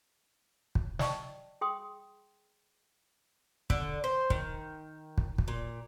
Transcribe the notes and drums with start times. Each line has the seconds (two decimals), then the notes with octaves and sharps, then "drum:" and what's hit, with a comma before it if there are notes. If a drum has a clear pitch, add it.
0.75 drum: kick
0.99 D5 D#5 G5 A5 C#6, drum: snare
1.61 G#4 G5 C6 D#6
3.70 D3, drum: kick
4.04 C5
4.30 D#3, drum: kick
5.18 drum: kick
5.38 drum: kick
5.48 A#2